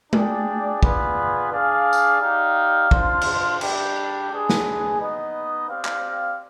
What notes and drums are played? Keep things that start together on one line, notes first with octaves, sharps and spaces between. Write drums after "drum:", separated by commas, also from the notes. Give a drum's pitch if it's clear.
D4 G#4 D5 G5, drum: tom G#3
B3 F4 G#4 B4 D5, drum: kick
D4 G#4 D5 F5
drum: tambourine
D#4 G4 D5 F5
D4 F4 C5 F5, drum: kick
drum: cymbal
G3 D4 G4, drum: cymbal
G#3 D4 G#4 B4
drum: snare
B3 D#4 B4 D#5
C4 G4 D5 F5
drum: clap